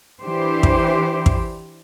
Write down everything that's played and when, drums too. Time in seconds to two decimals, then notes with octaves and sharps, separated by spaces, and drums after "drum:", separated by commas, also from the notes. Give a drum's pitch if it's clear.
0.21 E3 D4 E4 G4 C5
0.63 drum: kick
1.26 drum: kick